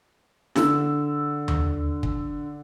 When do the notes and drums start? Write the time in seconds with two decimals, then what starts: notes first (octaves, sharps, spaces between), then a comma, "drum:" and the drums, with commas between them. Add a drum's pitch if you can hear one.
0.56 D3 E6, drum: snare E4
1.48 drum: tom D#2
2.03 drum: kick